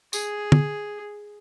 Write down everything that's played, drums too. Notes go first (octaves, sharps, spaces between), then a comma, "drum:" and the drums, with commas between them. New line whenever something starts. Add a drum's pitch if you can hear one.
G#4, drum: tambourine
drum: tom